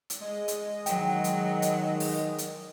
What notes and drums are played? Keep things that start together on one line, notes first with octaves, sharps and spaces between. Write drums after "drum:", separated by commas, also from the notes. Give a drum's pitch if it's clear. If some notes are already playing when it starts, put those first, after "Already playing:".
drum: hi-hat
G#3 D#5
drum: hi-hat
D#3 F#3 G5, drum: hi-hat
drum: hi-hat
drum: hi-hat
drum: open hi-hat
drum: hi-hat